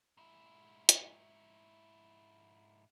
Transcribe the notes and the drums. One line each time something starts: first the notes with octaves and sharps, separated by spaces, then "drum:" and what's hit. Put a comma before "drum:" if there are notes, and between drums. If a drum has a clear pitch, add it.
G#2 E4
drum: hi-hat